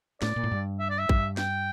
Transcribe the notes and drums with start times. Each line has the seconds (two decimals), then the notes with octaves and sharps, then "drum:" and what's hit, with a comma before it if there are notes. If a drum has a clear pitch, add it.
0.22 A2 D5, drum: snare
0.36 A#2
0.44 A2
0.51 G2
0.80 E5
0.90 D5
0.99 E5
1.09 G2, drum: kick
1.37 G5, drum: snare